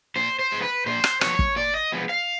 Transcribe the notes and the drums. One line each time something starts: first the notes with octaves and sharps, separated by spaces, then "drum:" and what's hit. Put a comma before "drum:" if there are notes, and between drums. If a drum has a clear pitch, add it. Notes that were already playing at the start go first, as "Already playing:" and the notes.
A#2 C5
C5
F3 G#3 B3
B4
A#2 C5
drum: rim click
F3 G#3 B3 C#5, drum: rim click
drum: kick
A#2 D5
D#5
F3 G#3 B3
F5